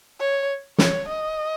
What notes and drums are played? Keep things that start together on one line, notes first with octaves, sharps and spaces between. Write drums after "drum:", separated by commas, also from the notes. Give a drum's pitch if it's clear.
C#5
C#5, drum: snare
D#5